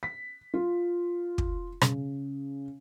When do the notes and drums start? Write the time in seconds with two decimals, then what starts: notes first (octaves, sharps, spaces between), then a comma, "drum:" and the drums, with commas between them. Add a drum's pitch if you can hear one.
0.03 B6
0.54 F4
1.38 drum: kick
1.81 C#3, drum: rim click